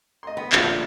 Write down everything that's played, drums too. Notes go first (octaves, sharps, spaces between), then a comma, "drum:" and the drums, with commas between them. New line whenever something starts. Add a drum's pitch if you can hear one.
D#5 C6
B3 G5
A#1 A#2 F3 A3 D4 F4, drum: clap